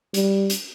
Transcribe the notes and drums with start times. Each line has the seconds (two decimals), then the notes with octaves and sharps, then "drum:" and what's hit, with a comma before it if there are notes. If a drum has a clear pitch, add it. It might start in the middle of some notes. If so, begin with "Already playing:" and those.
0.14 G3, drum: hi-hat
0.50 drum: hi-hat